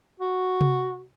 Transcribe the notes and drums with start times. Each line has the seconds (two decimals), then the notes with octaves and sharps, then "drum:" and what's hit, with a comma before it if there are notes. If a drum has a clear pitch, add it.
0.20 F#4
0.61 drum: tom C3